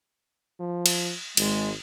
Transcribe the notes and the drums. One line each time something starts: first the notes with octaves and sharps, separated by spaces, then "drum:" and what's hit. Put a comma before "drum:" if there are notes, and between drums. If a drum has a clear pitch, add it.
F3
drum: cymbal
G#1 G#3, drum: cymbal